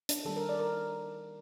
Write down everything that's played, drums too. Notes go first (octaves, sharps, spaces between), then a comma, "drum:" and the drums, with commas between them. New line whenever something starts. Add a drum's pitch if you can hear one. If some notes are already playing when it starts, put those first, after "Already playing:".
D4, drum: hi-hat
D#3 G3 A#3 A4
A#4
D5
A#4